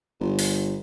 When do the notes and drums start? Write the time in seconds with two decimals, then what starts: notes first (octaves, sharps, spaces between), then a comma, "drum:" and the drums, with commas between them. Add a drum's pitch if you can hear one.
0.20 G1
0.39 drum: open hi-hat